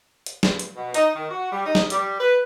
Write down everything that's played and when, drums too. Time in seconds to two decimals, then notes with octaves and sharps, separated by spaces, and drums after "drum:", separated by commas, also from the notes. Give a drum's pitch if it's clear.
0.26 drum: hi-hat
0.43 drum: snare
0.59 drum: hi-hat
0.76 B2
0.94 D#4, drum: hi-hat
1.15 D#3
1.31 F#4
1.52 G3
1.66 D#4
1.75 drum: snare
1.90 G3, drum: hi-hat
2.20 B4